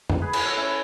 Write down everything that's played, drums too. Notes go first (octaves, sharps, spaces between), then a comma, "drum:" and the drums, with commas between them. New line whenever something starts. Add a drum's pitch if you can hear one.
drum: tom E2
G#4 B4
G#4 B4, drum: cymbal
A4 C#5
C#4 E4